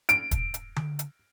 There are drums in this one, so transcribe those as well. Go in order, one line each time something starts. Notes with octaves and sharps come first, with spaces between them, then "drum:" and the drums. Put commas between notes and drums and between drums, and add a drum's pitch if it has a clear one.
D7, drum: hi-hat
drum: kick, hi-hat
drum: hi-hat
drum: tom D3
drum: hi-hat